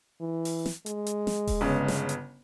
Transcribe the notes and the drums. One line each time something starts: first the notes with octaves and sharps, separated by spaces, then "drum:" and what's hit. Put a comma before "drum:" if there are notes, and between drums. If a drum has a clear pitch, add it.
E3
drum: open hi-hat
drum: snare
G#3, drum: hi-hat
drum: hi-hat
drum: snare
drum: kick D#1, open hi-hat
G1 C#3 B3
drum: snare
drum: hi-hat